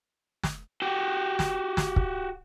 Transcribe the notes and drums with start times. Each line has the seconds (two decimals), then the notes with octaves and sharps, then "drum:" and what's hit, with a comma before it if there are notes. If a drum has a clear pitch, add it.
0.44 drum: snare
0.82 F#4 G4
1.39 drum: snare
1.77 drum: snare
1.96 drum: kick